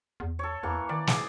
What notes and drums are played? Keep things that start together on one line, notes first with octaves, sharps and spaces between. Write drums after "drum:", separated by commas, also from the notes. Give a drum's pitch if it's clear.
E2
A4 C#5
E2 E3 A#3
D#3 D5
G#4, drum: snare